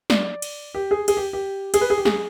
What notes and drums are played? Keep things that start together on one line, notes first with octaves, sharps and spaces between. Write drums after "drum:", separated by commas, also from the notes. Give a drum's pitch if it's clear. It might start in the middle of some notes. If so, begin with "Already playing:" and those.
D5, drum: snare
drum: cymbal
G4
G#4
G#4, drum: cymbal
G4
G4
G#4, drum: cymbal
B4
G#4
G4
G#4, drum: snare